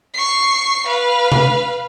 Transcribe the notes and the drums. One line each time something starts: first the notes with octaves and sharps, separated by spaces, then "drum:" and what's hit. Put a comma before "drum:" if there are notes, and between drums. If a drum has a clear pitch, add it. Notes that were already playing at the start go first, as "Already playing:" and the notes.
C#6 C7
B4 F5
drum: tom C3